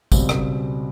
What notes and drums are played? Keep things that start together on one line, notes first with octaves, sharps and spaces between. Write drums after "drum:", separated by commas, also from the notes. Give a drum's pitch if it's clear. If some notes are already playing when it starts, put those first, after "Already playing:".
C#2 B2 G3 C4, drum: kick, tambourine
drum: rim click